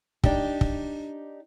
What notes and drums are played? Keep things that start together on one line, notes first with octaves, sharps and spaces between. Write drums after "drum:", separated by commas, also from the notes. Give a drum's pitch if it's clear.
D4 D#4 G4, drum: kick
drum: kick